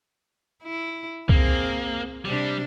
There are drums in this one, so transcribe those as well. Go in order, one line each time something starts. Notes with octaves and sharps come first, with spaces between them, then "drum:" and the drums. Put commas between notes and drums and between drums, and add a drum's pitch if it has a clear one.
E4
A#3 C4 G#4, drum: kick C2
C3 G3 C4 D4